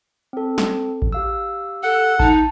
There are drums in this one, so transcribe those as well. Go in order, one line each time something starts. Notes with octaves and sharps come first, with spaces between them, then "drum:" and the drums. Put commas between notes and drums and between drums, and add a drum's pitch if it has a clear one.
C4 A4
drum: snare
drum: kick A1
G4 F5 E6
A4 F#5
D#4 A5, drum: kick A1